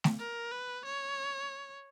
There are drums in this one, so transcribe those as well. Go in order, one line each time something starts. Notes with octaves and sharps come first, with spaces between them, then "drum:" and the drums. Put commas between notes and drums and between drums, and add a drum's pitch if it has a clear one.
drum: snare A3
A#4
B4
C#5